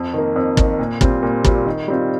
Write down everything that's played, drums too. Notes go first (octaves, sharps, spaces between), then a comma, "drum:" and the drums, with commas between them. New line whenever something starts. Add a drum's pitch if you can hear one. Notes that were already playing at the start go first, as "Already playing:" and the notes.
Already playing: F2
D#3 A#3
F2
D#3 A#3, drum: kick
A#2
G3 C4 F4, drum: kick
A#2
G3 C4 F4, drum: kick
D#3
G3 C4 F4